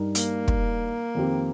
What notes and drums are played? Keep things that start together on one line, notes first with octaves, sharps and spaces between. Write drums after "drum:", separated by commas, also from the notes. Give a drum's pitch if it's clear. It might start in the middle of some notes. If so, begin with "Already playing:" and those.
Already playing: G2 G3 D#4 A#4
A#3, drum: hi-hat
drum: kick
F2 D#3 C4 G4